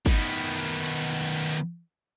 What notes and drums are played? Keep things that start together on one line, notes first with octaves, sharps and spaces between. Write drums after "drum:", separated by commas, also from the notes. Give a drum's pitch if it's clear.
D#3 B3, drum: kick
drum: hi-hat